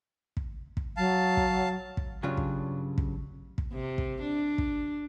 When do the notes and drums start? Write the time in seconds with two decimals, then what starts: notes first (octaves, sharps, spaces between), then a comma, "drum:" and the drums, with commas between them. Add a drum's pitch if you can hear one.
0.37 drum: kick
0.77 drum: kick
0.97 F#3 F5 A5
1.37 drum: kick
1.97 drum: kick
2.23 G2 C#3 F#3 D4 F4
2.37 drum: kick
2.98 drum: kick
3.58 drum: kick
3.73 C3
3.98 drum: kick
4.22 D4
4.58 drum: kick